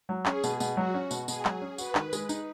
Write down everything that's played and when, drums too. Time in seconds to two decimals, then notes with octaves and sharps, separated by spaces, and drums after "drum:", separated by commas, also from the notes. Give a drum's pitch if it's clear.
0.09 F#3
0.26 C#4 G#4, drum: clap
0.44 B2, drum: tambourine
0.60 B2, drum: tambourine
0.77 F#3 F#4
0.94 C#4
1.11 B2, drum: tambourine
1.28 B2 G#4, drum: tambourine
1.45 F#3, drum: clap
1.61 C#4
1.78 F#4 B4, drum: tambourine
1.95 D#3, drum: clap
2.13 G#3, drum: tambourine
2.29 D#4, drum: tambourine